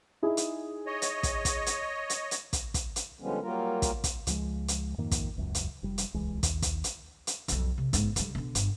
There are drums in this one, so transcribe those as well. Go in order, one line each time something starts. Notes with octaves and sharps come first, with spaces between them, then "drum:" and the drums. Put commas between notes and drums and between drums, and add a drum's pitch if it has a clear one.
D#4 E4 G#4
drum: hi-hat
C#5 D#5
drum: hi-hat
drum: kick, hi-hat
drum: kick, hi-hat
drum: hi-hat
drum: hi-hat
drum: hi-hat
drum: kick, hi-hat
drum: kick, hi-hat
drum: hi-hat
D3 F3 G3 G#3 B3 C#4
F#3 G3 A#3 F4 A#4
drum: kick, hi-hat
drum: kick, hi-hat
C#2 F3 G#3, drum: hi-hat
drum: hi-hat
F2 G#2 D#3 A#3
drum: kick, hi-hat
E1 C#2 F#2
drum: hi-hat
F1 G3
drum: hi-hat
D1 C2 E3 G#3
D#2, drum: kick, hi-hat
drum: kick, hi-hat
drum: hi-hat
drum: hi-hat
B1 F2, drum: hi-hat
C3
G#2 B3, drum: kick, hi-hat
D3 G3, drum: hi-hat
B2 D3
G1, drum: hi-hat